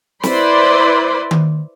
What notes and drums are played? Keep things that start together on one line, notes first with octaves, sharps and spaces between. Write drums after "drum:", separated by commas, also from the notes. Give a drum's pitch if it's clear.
E4 B4 C5 D5 B5 C6, drum: snare
drum: tom D#3